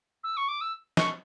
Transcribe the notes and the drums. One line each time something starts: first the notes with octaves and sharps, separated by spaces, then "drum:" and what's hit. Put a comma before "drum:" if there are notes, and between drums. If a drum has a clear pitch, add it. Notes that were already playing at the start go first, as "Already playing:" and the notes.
E6
C#6
D6
E6
C#6, drum: snare